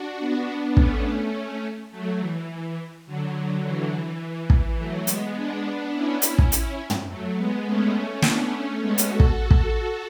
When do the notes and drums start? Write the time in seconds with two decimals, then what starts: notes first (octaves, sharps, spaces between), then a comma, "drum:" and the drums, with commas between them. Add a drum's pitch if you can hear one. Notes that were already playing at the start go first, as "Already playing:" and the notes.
Already playing: D4 F#4
0.20 B3 D4
0.77 A3 C#4, drum: kick
1.91 F#3 A3
2.20 E3
3.07 D3 F#3
3.35 D3 F#3
3.64 E3
3.93 E3
4.50 E3, drum: kick
4.78 F#3 A3
5.07 G#3 B3, drum: hi-hat
5.35 B3 D4
5.93 C#4 E4
6.22 C#4 E4, drum: hi-hat
6.38 drum: kick
6.52 drum: hi-hat
6.90 drum: tom
7.08 F#3 A3
7.37 G#3 B3
7.65 A3 C#4
7.94 A3 C#4
8.22 B3 D4, drum: snare
8.51 A3 C#4
8.80 G#3 B3
8.98 drum: hi-hat
9.08 F#4 A4
9.20 drum: kick
9.51 drum: kick